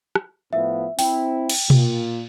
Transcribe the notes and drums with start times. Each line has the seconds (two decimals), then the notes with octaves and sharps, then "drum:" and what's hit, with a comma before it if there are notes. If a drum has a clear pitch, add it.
0.15 drum: rim click
0.53 A2 F3 B3 E5
0.99 C4 E4 G5, drum: open hi-hat
1.50 drum: cymbal
1.70 A#2, drum: tom B2